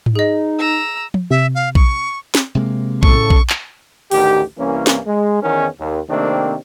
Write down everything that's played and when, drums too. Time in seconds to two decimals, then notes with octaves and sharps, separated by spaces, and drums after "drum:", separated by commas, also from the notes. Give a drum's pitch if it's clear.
0.06 drum: tom G#2
0.15 D#4 G#4 D#5
0.59 A#5 E6
1.14 drum: tom F3
1.31 C3 E5
1.55 F5
1.75 C#6, drum: kick A#1
2.35 drum: snare
2.55 C3 G#3 A#3
3.03 A2 C#3 A4 C#6, drum: kick A#1
3.30 drum: kick A#1
3.50 drum: clap
4.11 A1 D2 D#3 G4, drum: open hi-hat
4.58 C2 E3 A#3 C#4
4.87 drum: snare
5.06 G#3
5.42 E2 D#3 C#4
5.79 D#2
6.09 C3 D#3 A3 A#3 C4 D4